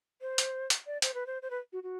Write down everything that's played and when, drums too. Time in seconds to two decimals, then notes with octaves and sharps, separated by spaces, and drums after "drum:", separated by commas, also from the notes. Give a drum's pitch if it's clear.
0.21 C5
0.38 drum: hi-hat
0.70 drum: hi-hat
0.86 D5
1.02 C5, drum: hi-hat
1.14 B4
1.27 C5
1.42 C5
1.50 B4
1.73 F#4
1.83 F#4